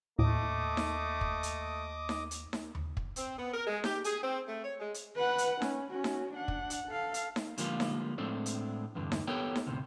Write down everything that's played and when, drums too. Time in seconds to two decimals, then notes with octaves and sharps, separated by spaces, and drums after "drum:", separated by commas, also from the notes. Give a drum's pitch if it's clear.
0.19 D#2 A2 A3 D#5 D6 D#6
0.77 drum: snare D#4
1.21 drum: kick
1.43 drum: hi-hat
2.09 drum: snare D#4
2.31 drum: hi-hat
2.53 drum: snare D#4
2.75 drum: tom D#2
2.97 drum: kick
3.16 C4, drum: hi-hat
3.37 B3
3.53 A#4
3.67 G#3
3.84 G4, drum: snare D#4
4.04 G#4, drum: hi-hat
4.21 C4
4.47 A3
4.63 C#5
4.78 G#3
4.94 drum: hi-hat
5.16 B4 F#5
5.38 drum: hi-hat
5.62 C#4, drum: snare D#4
5.91 C#4 F#4
6.04 drum: snare D#4
6.34 D4 F#5
6.48 drum: kick
6.70 drum: hi-hat
6.89 A4 F5
7.14 drum: hi-hat
7.36 drum: snare D#4
7.58 D3 F3 G3 G#3 A#3 F4, drum: hi-hat
7.80 drum: snare D#4
8.18 A2 G#3 A3 C4 D4
8.46 drum: hi-hat
8.95 E2 G2 D3
9.12 drum: snare D#4
9.27 B3 G4 A4 A#4 C#5 G5
9.56 drum: snare D#4
9.66 D2 A2 C3